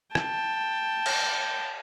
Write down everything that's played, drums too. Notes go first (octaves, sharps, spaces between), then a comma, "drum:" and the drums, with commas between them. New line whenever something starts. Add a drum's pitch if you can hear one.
G5 A5, drum: rim click
drum: cymbal